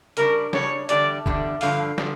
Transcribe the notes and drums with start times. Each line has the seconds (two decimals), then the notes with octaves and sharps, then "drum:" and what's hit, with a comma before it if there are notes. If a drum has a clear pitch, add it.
0.17 C#3 G3 D4 A#4, drum: hi-hat
0.53 C#3 G3 D4 C#5, drum: snare
0.89 E2 D3 G3 D4 D5, drum: hi-hat
1.26 E2 D3 G3 D4, drum: kick
1.61 G2 D3 F3 F5, drum: open hi-hat
1.98 D3 F3, drum: snare